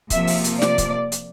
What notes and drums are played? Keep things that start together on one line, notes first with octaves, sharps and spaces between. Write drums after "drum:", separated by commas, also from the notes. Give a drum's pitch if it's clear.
C3 F3 A#3 E5, drum: kick C#1, hi-hat
drum: open hi-hat
drum: hi-hat
D5, drum: snare
drum: kick C#1, hi-hat
drum: hi-hat